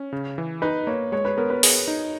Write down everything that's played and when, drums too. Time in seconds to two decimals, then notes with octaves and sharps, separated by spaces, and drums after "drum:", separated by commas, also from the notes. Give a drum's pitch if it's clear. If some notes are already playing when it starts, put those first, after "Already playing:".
Already playing: C#4
0.13 C#3
0.38 E3
0.62 D#4 B4
0.87 A#3 C#5
1.12 G#3 C#5
1.25 B4
1.37 B3 A#4
1.50 B4
1.63 G#4, drum: open hi-hat
1.88 D#4